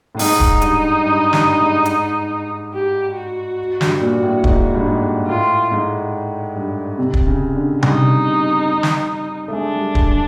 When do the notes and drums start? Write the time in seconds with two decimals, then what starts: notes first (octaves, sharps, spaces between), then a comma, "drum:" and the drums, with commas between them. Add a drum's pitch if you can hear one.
0.15 A2
0.19 G#2 D#4, drum: open hi-hat
0.40 drum: kick
0.61 G2, drum: hi-hat
1.04 G2
1.33 G2, drum: snare
1.60 G#2
1.85 drum: hi-hat
2.73 G4
3.16 F#4
3.81 G2, drum: snare
4.01 A#2
4.23 A2
4.44 G#2, drum: kick
4.74 G2
4.86 G#2
5.28 A2 F4
5.72 G#2
6.55 G2
6.98 C3
7.14 drum: kick
7.27 C#3
7.55 D3
7.83 G3 D#4, drum: tom C3
8.83 drum: snare
9.48 A3
9.53 G#3 D4
9.74 G3
9.95 D3, drum: kick